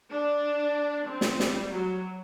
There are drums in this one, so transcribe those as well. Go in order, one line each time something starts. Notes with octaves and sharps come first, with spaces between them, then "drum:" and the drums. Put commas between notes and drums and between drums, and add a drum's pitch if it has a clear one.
D4
C4
drum: snare
G3, drum: snare
F#3